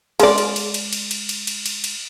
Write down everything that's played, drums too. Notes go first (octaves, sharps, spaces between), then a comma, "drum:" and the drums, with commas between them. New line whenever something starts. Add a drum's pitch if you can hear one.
G#3 D5, drum: cymbal
drum: cymbal
drum: cymbal
drum: cymbal
drum: cymbal
drum: cymbal
drum: cymbal
drum: cymbal
drum: cymbal
drum: cymbal